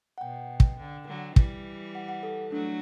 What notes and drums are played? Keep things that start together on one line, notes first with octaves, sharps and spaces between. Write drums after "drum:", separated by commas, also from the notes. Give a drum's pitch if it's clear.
F#5
B2 G5
drum: kick
D3
D3 F#3
E3 G3, drum: kick
F#5
F#5
A4
F#3 A3 D4